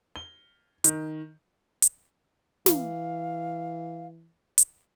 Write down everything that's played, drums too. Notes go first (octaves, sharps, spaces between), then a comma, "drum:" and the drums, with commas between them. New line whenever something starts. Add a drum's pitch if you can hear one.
G7
D#3, drum: hi-hat
drum: hi-hat
E3 F5, drum: snare
drum: hi-hat